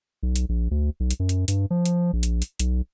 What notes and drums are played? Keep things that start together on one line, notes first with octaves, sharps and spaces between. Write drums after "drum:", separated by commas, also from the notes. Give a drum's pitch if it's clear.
B1
drum: hi-hat
A#1
D2
B1
drum: hi-hat
F#2
drum: hi-hat
G2, drum: hi-hat
F3
drum: hi-hat
A#1
drum: hi-hat
drum: hi-hat
B1, drum: hi-hat